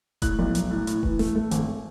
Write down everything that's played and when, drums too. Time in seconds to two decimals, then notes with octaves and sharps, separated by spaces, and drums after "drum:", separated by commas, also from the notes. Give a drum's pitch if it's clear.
0.22 A2 F#6, drum: kick E1, hi-hat
0.39 B1
0.55 B1, drum: hi-hat
0.71 A2
0.87 A2, drum: hi-hat
1.03 E3, drum: kick E1
1.19 A3, drum: snare F1
1.36 A3
1.51 G#1, drum: hi-hat